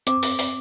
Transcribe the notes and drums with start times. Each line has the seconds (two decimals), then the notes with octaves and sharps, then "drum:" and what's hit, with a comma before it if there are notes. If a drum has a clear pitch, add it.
0.07 C4 D6, drum: hi-hat
0.23 drum: open hi-hat
0.39 drum: open hi-hat